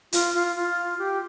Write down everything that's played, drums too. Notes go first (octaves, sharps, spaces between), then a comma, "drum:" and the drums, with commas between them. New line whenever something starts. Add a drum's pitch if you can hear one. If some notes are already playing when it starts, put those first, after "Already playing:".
F4, drum: hi-hat
F4
F4
G4